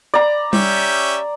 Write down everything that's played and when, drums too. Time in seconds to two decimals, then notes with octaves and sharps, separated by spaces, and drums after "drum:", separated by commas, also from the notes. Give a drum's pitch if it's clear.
0.14 D5 A#5
0.53 C#4 G4 E5, drum: tom G3